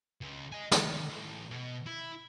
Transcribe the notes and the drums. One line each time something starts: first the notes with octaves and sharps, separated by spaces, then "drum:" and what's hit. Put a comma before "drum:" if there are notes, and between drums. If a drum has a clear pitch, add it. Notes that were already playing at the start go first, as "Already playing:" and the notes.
C#2
D#5 G#5
D3 D#3, drum: snare
E3 A3
B2
E4